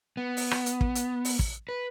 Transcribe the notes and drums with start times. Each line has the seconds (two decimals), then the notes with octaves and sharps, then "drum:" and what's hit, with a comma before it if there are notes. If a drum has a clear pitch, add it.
0.17 B3
0.37 drum: open hi-hat
0.51 drum: rim click
0.66 drum: hi-hat
0.81 drum: kick
0.95 drum: hi-hat
1.25 drum: open hi-hat
1.39 drum: kick
1.69 B4